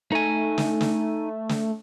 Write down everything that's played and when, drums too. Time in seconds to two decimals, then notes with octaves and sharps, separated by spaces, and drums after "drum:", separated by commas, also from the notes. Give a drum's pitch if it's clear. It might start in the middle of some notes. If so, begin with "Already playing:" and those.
0.12 A3 D#4 G#5
0.58 drum: snare
0.81 drum: snare
1.49 drum: snare